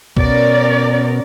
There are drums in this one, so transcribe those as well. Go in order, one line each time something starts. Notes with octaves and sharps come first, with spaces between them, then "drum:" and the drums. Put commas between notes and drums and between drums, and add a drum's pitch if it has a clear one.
B2 C#4 A#4 D5, drum: kick